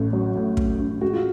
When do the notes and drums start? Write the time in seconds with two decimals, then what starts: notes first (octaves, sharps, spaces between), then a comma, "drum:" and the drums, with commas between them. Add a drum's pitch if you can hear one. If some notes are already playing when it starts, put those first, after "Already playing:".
Already playing: A1 A2 A3
0.13 F#3
0.35 A2
0.57 A3, drum: kick
0.80 A1
1.01 G#3 F#4
1.13 F4